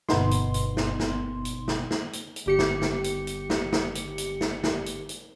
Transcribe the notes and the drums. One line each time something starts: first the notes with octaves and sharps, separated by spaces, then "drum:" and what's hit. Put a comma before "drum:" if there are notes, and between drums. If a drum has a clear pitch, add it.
G1 B2 B3 D#4 C6, drum: snare
drum: hi-hat
drum: hi-hat
drum: snare
drum: snare
drum: hi-hat
drum: snare
drum: snare
drum: hi-hat
drum: hi-hat
G1 G4 C#7
drum: snare
drum: snare
drum: hi-hat
drum: hi-hat
drum: snare
drum: snare
drum: hi-hat
drum: hi-hat
drum: snare
drum: snare
drum: hi-hat
drum: hi-hat